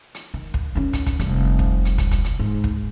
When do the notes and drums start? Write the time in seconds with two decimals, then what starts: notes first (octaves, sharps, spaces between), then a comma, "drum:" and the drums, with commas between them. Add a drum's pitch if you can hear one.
0.15 drum: hi-hat
0.34 D#3
0.54 drum: kick
0.75 D#3 C#4
0.93 drum: kick, hi-hat
1.06 drum: kick, hi-hat
1.19 F1 G3, drum: hi-hat
1.59 drum: kick
1.85 drum: hi-hat
1.98 drum: kick, hi-hat
2.11 drum: kick, hi-hat
2.24 drum: hi-hat
2.39 G#2
2.64 drum: kick